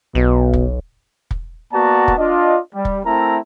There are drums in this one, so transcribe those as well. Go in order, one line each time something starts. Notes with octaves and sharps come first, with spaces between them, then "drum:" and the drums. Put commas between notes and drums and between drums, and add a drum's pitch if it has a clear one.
B1 B2
drum: kick
drum: kick
A#3 B3 F#4 D5 A5 A#5
drum: kick
D4 F4 D#5
G3
drum: kick
A3 C4 E4 A#4 A5 A#5